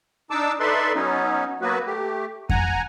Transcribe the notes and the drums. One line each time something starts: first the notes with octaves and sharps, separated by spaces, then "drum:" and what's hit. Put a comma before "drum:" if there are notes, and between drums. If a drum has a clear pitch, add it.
D4 D#4 A5 D6 E6
D#4 A4 B4 D5 E5 C6
F#3 B3 C#4 D#4
F#3 A#3 B3 F#4 B4
A3 G4
F#5 G#5 A#5, drum: kick F2